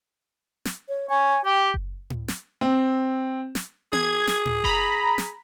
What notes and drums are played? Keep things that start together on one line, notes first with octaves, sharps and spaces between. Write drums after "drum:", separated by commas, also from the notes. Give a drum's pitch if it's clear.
drum: snare
C#5
C#5 G#5
G4 G5
drum: kick F#1
drum: tom A2
drum: snare
C4
drum: snare
G#4 G#6, drum: tom B3
drum: snare
drum: tom A2
A#5 B5, drum: kick F#1
drum: snare